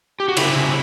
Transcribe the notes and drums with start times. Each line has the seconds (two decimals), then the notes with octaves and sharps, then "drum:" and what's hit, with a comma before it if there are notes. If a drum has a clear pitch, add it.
0.20 G4
0.28 F#4
0.37 C#3 E4, drum: cymbal
0.56 C#3